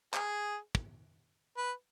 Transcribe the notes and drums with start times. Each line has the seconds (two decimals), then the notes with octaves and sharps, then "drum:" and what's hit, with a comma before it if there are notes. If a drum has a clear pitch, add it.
0.14 G#4, drum: clap
0.75 drum: kick
1.57 B4